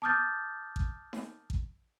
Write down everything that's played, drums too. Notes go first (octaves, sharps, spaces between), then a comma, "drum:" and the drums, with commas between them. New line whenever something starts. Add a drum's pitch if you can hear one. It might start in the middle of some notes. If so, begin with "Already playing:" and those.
A5 D6 D#6 F6 G6 A6
drum: kick A1
drum: snare D#4
drum: kick A1